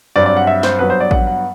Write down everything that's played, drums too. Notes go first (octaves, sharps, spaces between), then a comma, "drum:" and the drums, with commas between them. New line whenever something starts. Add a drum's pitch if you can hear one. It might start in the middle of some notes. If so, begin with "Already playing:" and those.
G2 F#3 C4 D5
D5
F#5
E5
C5, drum: snare
G2 F#3 B3 B4
C5
D5
F#5, drum: kick A1
F#5